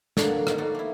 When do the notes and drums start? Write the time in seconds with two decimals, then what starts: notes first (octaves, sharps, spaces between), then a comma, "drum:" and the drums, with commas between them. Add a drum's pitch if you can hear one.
0.17 D3 F#3 A#3 D4 A4 A#5, drum: snare
0.47 B2 D#3 F3, drum: rim click
0.58 F3 A#3 F#4 A4
0.75 A#3 E4